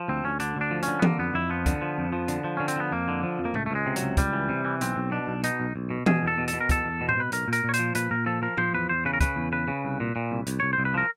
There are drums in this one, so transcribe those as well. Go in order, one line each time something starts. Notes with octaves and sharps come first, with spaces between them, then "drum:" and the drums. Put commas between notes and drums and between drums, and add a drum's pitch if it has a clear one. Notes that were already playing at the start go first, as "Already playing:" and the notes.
Already playing: F3
D2 C4
D2 C#4
D3 D4, drum: hi-hat
D2 D4
F3
C#4, drum: hi-hat
D3
B3
D3 A#3, drum: tom E3
F2 B3
F2 E4
F3 B3
D3, drum: kick, hi-hat
F3
F2
F3
D3, drum: hi-hat
F3
D3 C#4
C4, drum: hi-hat
F3 B3
F2 A#3
D3
F3
F2
A#3
C#2 A3, drum: tom A2
A3
C#2 G#3
C3
F#3, drum: hi-hat
C#2
C#2 G3, drum: kick, hi-hat
E3
C3
E3
B1 C4, drum: hi-hat
B1
B2 D4
B1
B2 D#4, drum: hi-hat
B1
B1
B2
B2 G#4, drum: tom E3
E2 A4
B2
A4, drum: hi-hat
B2
A#4
E2 A4, drum: kick, hi-hat
E2
B2
C5, drum: tom A2
B2 B4
B1 A#4, drum: hi-hat
A#2
A#4, drum: hi-hat
A#2 C#5
C5, drum: hi-hat
F3
A#2 B4, drum: hi-hat
A#2 A#4
F3 A4
F3 A#4
F3 C5, drum: tom A2
E2 B4
E2 C5
C#3 B4
A#4
C#3 B4, drum: kick, hi-hat
E2
C#3 B4
C#3
C2
A#2
A#2
C2
C2, drum: hi-hat
C2 C#5
C5
C2
B4
F3 A#4